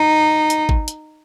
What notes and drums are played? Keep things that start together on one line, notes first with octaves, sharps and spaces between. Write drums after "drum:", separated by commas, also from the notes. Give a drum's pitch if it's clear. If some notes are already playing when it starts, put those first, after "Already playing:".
Already playing: D#4
drum: hi-hat
drum: kick G#1
drum: hi-hat